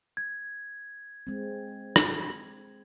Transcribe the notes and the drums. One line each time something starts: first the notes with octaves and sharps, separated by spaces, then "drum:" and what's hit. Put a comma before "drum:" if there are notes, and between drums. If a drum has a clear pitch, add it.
G#6
G#3 C4
drum: rim click